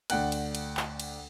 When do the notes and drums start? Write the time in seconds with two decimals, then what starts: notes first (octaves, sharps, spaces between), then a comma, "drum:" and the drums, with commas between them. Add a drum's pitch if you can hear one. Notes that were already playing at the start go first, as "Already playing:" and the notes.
0.10 D2 D4 F#5 G5 F#6, drum: cymbal
0.32 drum: cymbal
0.55 drum: cymbal
0.77 drum: clap
1.00 drum: cymbal